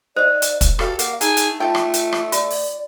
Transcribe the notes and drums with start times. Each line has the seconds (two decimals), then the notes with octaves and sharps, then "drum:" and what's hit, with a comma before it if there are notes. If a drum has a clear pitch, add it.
0.16 D#4 C5 D5 D#5 F5
0.42 drum: hi-hat
0.61 drum: kick, hi-hat
0.79 G3 F#4 A4 F5, drum: rim click
0.99 A#3 F#5, drum: hi-hat
1.21 A3 D#4 G#4 A#4, drum: hi-hat
1.37 drum: hi-hat
1.60 D3 A3 D#4 F4 A4 G5
1.75 drum: rim click
1.94 drum: hi-hat
2.13 drum: rim click
2.32 F4 D5, drum: hi-hat
2.50 drum: open hi-hat